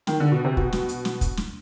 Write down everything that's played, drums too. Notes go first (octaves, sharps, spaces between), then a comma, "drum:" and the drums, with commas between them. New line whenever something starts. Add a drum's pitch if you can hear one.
D#3, drum: snare
D3
B2
C3
B2, drum: kick
drum: snare
drum: hi-hat
drum: snare
drum: kick, hi-hat
drum: snare